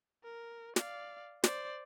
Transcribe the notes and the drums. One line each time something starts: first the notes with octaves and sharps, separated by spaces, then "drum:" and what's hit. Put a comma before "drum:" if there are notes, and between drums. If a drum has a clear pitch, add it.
A#4
D5 F5, drum: snare
C5 D5, drum: snare